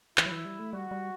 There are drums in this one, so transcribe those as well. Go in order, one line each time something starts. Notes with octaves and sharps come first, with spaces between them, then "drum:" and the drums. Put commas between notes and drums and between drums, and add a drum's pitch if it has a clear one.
E3 E4, drum: clap
F#3
E3
G3
A3
G3 F#4
G3